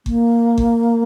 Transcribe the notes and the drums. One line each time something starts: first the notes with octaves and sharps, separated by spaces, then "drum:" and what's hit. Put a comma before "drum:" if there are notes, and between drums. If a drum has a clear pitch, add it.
A#3, drum: kick G1
drum: kick G1